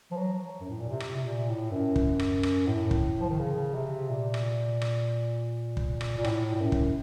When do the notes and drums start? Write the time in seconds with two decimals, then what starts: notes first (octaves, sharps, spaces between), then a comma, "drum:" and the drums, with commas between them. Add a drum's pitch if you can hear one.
0.11 F3
0.17 F#3
0.61 F#2
0.69 A2
0.79 A#2
0.88 C3
1.00 drum: rim click
1.17 C3
1.24 A#2
1.48 A2
1.72 F#2
1.96 drum: kick
2.19 drum: rim click
2.43 drum: rim click
2.67 A2
2.91 drum: kick
3.21 F3
3.30 D#3
3.39 C#3
3.75 C3
4.10 A#2
4.34 drum: rim click
4.82 drum: rim click
5.77 drum: kick
6.01 drum: rim click
6.18 A#2
6.24 A2, drum: rim click
6.55 A2
6.60 F#2
6.72 drum: kick